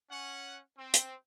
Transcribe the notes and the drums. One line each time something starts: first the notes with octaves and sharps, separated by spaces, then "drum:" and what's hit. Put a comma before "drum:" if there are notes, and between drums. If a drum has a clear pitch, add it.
C#4 F#5
C4
drum: hi-hat